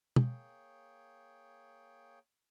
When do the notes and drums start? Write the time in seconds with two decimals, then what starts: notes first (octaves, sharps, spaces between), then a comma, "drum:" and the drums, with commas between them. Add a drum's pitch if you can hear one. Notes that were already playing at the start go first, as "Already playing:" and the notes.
0.16 A#3 G#4 C#5 G5, drum: tom